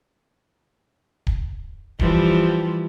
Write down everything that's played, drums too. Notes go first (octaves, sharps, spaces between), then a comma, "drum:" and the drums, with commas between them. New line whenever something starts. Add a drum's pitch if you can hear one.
drum: kick D1
E3 F3 G3, drum: kick D1